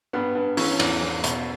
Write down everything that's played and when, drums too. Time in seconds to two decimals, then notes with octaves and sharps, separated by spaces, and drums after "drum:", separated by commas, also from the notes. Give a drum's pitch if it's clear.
0.13 G2 B3
0.35 G2
0.57 E3 C#4, drum: open hi-hat
0.79 E2, drum: cymbal
1.02 E2
1.24 B2, drum: hi-hat